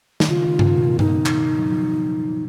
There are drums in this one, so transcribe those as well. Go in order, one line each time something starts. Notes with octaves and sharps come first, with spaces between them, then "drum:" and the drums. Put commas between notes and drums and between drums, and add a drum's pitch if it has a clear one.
D#3, drum: snare
C#3 F4
D#3
C#3, drum: tom G2
D#3
B2
C#3
D#4, drum: tom G2
drum: clap
F#3
F3